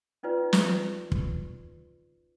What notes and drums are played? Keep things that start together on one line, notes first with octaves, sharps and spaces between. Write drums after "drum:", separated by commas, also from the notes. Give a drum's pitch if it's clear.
C#4 D#4 F4 B4 D5
drum: snare
drum: kick